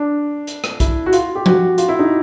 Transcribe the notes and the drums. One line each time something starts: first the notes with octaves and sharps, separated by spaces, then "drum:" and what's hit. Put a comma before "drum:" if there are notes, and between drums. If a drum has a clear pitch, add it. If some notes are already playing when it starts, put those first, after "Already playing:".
Already playing: D4
drum: hi-hat
drum: rim click
E4, drum: kick, hi-hat
F#4
F4, drum: hi-hat
G4
F#4, drum: tom F3
F4, drum: hi-hat
E4
D#4